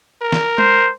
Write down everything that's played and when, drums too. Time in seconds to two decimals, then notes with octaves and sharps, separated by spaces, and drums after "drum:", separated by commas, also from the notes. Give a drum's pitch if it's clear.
0.22 A#4
0.32 drum: snare
0.58 C5, drum: tom G#3